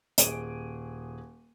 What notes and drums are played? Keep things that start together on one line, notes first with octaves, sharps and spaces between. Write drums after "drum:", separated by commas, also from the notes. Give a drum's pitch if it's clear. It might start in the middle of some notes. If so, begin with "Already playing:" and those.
D#1 G#4 D7 D#7, drum: hi-hat